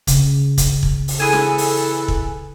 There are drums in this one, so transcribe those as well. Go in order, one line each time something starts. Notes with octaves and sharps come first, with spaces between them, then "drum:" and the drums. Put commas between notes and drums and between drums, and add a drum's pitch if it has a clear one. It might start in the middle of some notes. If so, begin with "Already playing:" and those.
C#3, drum: kick, hi-hat
drum: kick, hi-hat
drum: kick
drum: open hi-hat
E3 G#4 A4 G#5
drum: snare
drum: open hi-hat
drum: kick